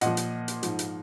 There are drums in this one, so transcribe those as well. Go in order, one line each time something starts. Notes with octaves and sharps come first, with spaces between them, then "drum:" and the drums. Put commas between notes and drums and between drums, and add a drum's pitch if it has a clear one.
A#2 F3 D#5 F#5, drum: hi-hat
drum: hi-hat
drum: hi-hat
G#2 F3, drum: hi-hat
drum: hi-hat